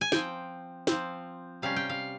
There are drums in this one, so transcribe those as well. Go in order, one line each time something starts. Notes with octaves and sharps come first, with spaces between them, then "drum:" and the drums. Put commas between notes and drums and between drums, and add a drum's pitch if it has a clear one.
G#5
F3 C4 G5, drum: snare
F3 C4, drum: snare
C3 G3 C#4 F5
G5
F5